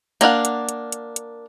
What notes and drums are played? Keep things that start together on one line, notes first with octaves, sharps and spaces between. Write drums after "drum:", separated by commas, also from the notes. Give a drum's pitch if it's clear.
A#3 D4 F5 F#5, drum: hi-hat
drum: hi-hat
drum: hi-hat
drum: hi-hat
drum: hi-hat